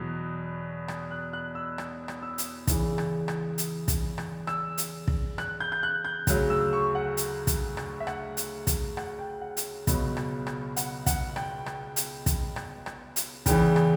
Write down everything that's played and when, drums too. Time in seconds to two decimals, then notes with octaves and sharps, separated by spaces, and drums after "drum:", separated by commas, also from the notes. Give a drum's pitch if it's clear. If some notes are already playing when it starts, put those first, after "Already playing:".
Already playing: E2 B2 F#3
0.88 drum: rim click
1.11 F#6
1.33 F#6
1.55 E6
1.78 drum: rim click
2.08 drum: rim click
2.22 E6
2.38 drum: hi-hat
2.67 E2 C#3 E3, drum: kick, hi-hat
2.98 drum: rim click
3.28 drum: rim click
3.58 drum: hi-hat
3.88 drum: kick, hi-hat
4.18 drum: rim click
4.47 E6, drum: rim click
4.78 drum: hi-hat
5.08 drum: kick
5.38 F#6, drum: rim click
5.60 G6
5.72 G6
5.83 F#6
6.05 G6
6.27 D2 C#3 F#3, drum: kick, hi-hat
6.50 E6
6.73 C#6
6.95 F#5
7.17 drum: hi-hat
7.47 drum: kick, hi-hat
7.77 drum: rim click
8.00 E5
8.07 F#5, drum: rim click
8.37 drum: hi-hat
8.67 drum: kick, hi-hat
8.97 F#5, drum: rim click
9.19 G5
9.41 F#5
9.57 drum: hi-hat
9.87 C#2 B2 F#3, drum: kick, hi-hat
10.17 drum: rim click
10.47 drum: rim click
10.76 F#5, drum: hi-hat
11.06 F#5, drum: kick, hi-hat
11.36 G5, drum: rim click
11.66 drum: rim click
11.96 drum: hi-hat
12.26 drum: kick, hi-hat
12.56 drum: rim click
12.86 drum: rim click
13.16 drum: hi-hat
13.46 E2 C#3 E3 G5, drum: kick, hi-hat
13.76 drum: rim click